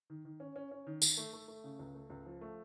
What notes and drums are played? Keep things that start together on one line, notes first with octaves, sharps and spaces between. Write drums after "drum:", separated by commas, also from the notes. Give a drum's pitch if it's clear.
D#3
D#3
C#4
C#4
C#4
D#3
D#3, drum: tambourine
A3
A3
A3
C#3
C#2
A3
C#2
F3
A3